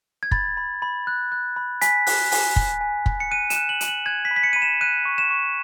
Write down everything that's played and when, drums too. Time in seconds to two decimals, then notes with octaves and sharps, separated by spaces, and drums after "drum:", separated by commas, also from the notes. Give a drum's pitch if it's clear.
0.23 G#6
0.31 B5 A6, drum: kick
0.57 B5
0.82 B5
1.07 F#6
1.32 F#6
1.56 B5
1.81 G#5 B6, drum: hi-hat
2.07 F#6, drum: open hi-hat
2.32 G#5, drum: open hi-hat
2.56 G#5, drum: kick
2.81 G#5
3.06 G#5, drum: kick
3.20 C#7
3.31 F#6 D#7
3.50 E7, drum: hi-hat
3.56 F#6
3.69 F#7
3.81 F#6, drum: hi-hat
3.88 F#7
4.06 F#6 G#6
4.25 B6
4.31 B5
4.36 B6
4.43 C#7
4.53 B5 D#7
4.62 E7
4.81 F#6 D#7
5.05 C#6
5.18 E7
5.31 C#6